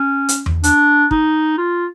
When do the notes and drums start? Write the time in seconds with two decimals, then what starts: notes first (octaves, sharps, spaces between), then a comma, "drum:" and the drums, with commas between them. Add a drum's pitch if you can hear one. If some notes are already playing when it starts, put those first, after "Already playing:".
Already playing: C#4
0.29 drum: hi-hat
0.46 drum: tom E2
0.64 D4, drum: hi-hat
1.11 D#4, drum: kick
1.58 F4